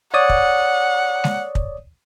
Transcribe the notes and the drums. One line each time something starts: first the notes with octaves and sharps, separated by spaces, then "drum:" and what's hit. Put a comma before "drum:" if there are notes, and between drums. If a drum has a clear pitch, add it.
C#5 D5 F#5 D#6
drum: kick
drum: snare G#3
drum: kick